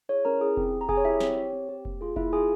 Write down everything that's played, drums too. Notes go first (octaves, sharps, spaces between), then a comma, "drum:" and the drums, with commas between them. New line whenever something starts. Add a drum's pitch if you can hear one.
E4 G#4 C#5
C#4 A#4 A#5
E4 G#4
C4, drum: kick F1
G4
A#5
C4 G#4 G#5, drum: kick F1
C#5
E4 G4 E5
C4 C#5, drum: snare
G4 C#5
C4
G4
A#3, drum: kick F1
F4 G#4
A#3 E4 E5, drum: kick F1
F4 G#4 G#5